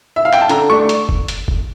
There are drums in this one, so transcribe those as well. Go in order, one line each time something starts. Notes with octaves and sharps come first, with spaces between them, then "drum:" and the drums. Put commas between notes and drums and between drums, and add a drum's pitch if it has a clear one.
E5
F5
G5, drum: clap
A5
D3 A#5, drum: hi-hat
A3 D4 C#6
drum: hi-hat
drum: kick
drum: hi-hat
drum: kick